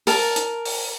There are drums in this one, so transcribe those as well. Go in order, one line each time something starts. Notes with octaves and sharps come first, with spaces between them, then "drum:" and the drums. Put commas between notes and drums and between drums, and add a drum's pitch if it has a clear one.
A#4 A5, drum: open hi-hat
drum: hi-hat
drum: open hi-hat